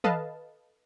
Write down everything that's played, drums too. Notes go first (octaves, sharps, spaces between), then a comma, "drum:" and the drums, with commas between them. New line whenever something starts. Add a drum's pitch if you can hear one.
A4 B4 D#5 F5 A5, drum: tom